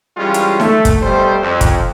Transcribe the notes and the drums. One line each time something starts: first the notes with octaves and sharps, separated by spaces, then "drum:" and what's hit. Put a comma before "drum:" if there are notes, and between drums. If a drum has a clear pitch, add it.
E3 G3 G#3 C#4 F4
drum: hi-hat
A3, drum: snare D#4
drum: kick, hi-hat
B2 G3 A3 C5
F2
drum: kick, hi-hat